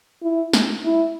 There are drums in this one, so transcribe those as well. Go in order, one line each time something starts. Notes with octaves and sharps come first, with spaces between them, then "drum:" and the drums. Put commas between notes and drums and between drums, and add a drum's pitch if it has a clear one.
E4
drum: snare
E4